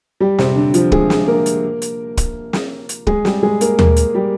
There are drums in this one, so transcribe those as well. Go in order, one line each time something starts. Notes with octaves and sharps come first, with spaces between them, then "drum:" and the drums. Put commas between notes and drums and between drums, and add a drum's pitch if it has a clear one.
G3 G4
C3 C4, drum: snare
D3 D4
F3 F4, drum: hi-hat
G#3 G#4, drum: kick
drum: snare
A#3 A#4
drum: hi-hat
drum: hi-hat
drum: kick, hi-hat
drum: snare
drum: hi-hat
G#3 G#4, drum: kick
G3 G4, drum: snare
G#3 G#4
A#3 A#4, drum: hi-hat
A#3 A#4, drum: tom D#2
drum: hi-hat
G3 G4